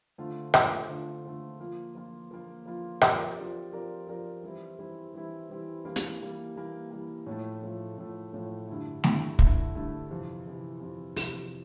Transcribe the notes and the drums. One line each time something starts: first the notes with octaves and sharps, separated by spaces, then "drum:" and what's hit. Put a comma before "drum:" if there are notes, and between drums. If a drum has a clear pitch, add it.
D3 A3 C4 F4
D3 A3 C4 F4, drum: rim click
D3 A3 C4 F4
D3 A3 C4 F4
F3 A#3 F4
F3 A#3 F4
F3 A#3 F4
F3 A#3 F4
F3 C4 G4 A#4 D5, drum: rim click
F3 C4 G4 A#4 D5
F3 C4 G4 A#4 D5
F3 C4 G4 A#4 D5
E3 G3 C4 E4
E3 G3 C4 E4
E3 G3 C4 E4
E3 G3 C4 E4
E3 G3 A#3
drum: hi-hat
E3 G3 A#3
E3 G3 A#3
E3 G3 A#3
A2 F3 A3
A2 F3 A3
A2 F3 A3
A2 F3 A3
G2 D3 A3 E4
G2 D3 A3 E4, drum: snare A3
G2 D3 A3 E4, drum: kick
G2 D3 A3 E4
F2 C3 E3
F2 C3 E3
F2 C3 E3
F2 C3 E3, drum: open hi-hat